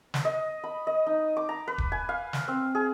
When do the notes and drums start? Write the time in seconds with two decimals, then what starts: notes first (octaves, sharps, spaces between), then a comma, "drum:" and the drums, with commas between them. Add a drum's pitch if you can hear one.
0.14 drum: snare
0.25 D#5
0.64 B5
0.87 D#5
1.07 D#4
1.37 D6
1.49 A#5
1.68 B4
1.78 drum: kick D#1
1.92 G#5
2.09 F5
2.33 drum: snare
2.48 C4
2.75 G#4